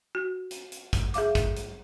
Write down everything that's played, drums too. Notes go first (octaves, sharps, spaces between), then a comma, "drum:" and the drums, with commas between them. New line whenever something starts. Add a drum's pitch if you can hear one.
F#4
drum: hi-hat
drum: hi-hat
drum: kick, hi-hat
G#4 E5 F5 D6, drum: hi-hat
drum: kick, hi-hat
drum: hi-hat